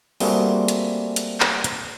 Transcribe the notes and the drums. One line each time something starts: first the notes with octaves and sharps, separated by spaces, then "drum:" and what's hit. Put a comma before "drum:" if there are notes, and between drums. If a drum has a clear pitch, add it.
G3 A3 A#3 C4 F#4 G#4, drum: open hi-hat
drum: hi-hat
drum: hi-hat
drum: clap
drum: hi-hat